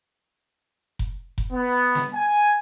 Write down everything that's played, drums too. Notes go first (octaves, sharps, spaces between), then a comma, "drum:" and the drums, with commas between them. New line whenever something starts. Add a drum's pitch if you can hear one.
drum: kick F1
drum: kick F1
B3
drum: snare
G#5